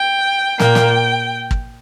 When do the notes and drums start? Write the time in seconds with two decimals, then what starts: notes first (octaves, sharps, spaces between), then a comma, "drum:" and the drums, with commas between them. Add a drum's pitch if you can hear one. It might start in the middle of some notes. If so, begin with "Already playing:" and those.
Already playing: G5
0.60 A#2 A#3 G5, drum: snare
0.75 drum: snare
1.51 drum: kick